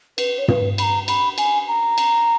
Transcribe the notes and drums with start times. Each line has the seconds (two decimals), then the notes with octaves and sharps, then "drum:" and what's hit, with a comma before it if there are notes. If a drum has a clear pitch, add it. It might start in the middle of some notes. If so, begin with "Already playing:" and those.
0.18 B4, drum: cymbal
0.38 C#5
0.48 B4, drum: tom
0.78 B5, drum: cymbal
0.83 A#5
1.08 B5, drum: cymbal
1.38 G#5, drum: cymbal
1.68 A#5
1.98 drum: cymbal